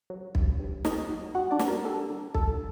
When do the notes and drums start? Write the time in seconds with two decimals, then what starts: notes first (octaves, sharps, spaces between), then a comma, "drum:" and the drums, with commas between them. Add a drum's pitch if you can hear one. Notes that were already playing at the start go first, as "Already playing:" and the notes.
0.10 F#3
0.35 G2, drum: kick
0.60 G2
0.85 A3 D#4 D#5, drum: snare
1.09 F#3
1.35 G2 F#4 F#5
1.51 D4 D5
1.59 G2, drum: snare
1.68 A#4
1.84 G3 A4
2.10 D3
2.35 D2 A4, drum: kick